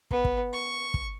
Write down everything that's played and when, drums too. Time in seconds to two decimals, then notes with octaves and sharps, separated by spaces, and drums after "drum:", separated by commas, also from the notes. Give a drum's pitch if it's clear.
0.11 B3, drum: kick
0.24 drum: kick
0.53 C#6
0.94 drum: kick